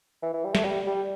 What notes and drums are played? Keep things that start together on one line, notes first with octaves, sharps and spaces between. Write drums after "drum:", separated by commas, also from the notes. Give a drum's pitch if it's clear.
E3
E3
G3
A3, drum: snare
G3
G3